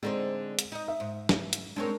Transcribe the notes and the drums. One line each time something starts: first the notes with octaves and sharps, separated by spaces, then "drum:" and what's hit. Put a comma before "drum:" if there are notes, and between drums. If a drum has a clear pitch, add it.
D3 G#3 C4 D#4 C5
drum: hi-hat
D#4 D#5
E5
G#2
drum: snare
drum: hi-hat
G#3 C4 D4 A#4 C#5